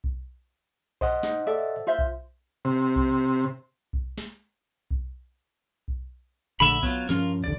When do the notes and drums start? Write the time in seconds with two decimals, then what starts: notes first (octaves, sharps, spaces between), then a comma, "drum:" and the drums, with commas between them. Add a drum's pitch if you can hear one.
0.04 drum: kick B1
1.01 C5 D#5 F#5, drum: kick B1
1.23 D#4, drum: snare
1.47 A4 D5 E5
1.87 F4 C5 E5
1.99 drum: kick B1
2.65 C3
2.96 drum: kick B1
3.93 drum: kick B1
4.18 drum: snare
4.91 drum: kick B1
5.88 drum: kick B1
6.60 A#1 D3 A3 E5 B5
6.83 F#3 B3 F4, drum: kick B1
7.09 G2 F3 C#4 F4 A#4, drum: snare
7.44 D#1 A#1 D3 D5